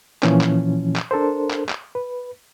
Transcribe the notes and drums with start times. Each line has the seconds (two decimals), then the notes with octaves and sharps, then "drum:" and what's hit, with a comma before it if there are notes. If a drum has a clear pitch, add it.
0.23 A#2 E3 F3 C#4, drum: clap
0.41 drum: clap
0.96 drum: clap
1.11 D4 A4 A#4 C5
1.51 drum: clap
1.69 drum: clap
1.95 B4